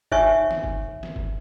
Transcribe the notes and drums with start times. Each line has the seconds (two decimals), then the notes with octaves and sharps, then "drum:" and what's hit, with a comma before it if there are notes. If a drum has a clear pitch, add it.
0.12 D#4 C#5 E5 G#5 C#6, drum: kick
0.51 drum: snare
0.64 drum: kick
1.03 drum: snare
1.16 drum: kick